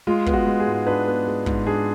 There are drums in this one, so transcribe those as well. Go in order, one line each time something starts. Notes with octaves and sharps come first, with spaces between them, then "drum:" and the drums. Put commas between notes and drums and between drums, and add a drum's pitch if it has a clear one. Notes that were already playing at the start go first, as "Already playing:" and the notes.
G#3 F4
B3, drum: kick
F#4
G#3
G#4
G#2
D4 B4
B3
G#3
G#2, drum: kick
D4 G#4